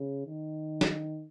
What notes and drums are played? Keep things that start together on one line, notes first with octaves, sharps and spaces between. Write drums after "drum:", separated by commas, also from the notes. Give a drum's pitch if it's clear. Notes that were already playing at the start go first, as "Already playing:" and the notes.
Already playing: C#3
D#3
drum: snare